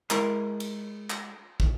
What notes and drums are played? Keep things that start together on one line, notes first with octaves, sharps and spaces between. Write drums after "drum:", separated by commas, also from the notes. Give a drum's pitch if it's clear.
G#3 E4 A#4, drum: clap
drum: cymbal
drum: clap
drum: kick